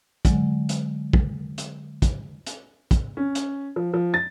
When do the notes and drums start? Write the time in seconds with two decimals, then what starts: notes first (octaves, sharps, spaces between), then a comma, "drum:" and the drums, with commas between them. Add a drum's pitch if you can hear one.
0.25 D3 F#3 G#3, drum: kick, hi-hat
0.69 drum: hi-hat
1.13 drum: kick
1.58 drum: hi-hat
2.02 drum: kick, hi-hat
2.47 drum: hi-hat
2.91 drum: kick, hi-hat
3.17 C#4
3.35 drum: hi-hat
3.76 F3
3.94 F3
4.14 A6